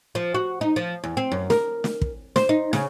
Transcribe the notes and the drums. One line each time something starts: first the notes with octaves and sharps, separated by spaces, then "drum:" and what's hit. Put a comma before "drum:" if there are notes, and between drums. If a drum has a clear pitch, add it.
F3
F#4
D#4
F3
E2
C4
F#2
A#4, drum: snare
drum: snare
drum: kick
C5, drum: snare
D#4
C#3, drum: snare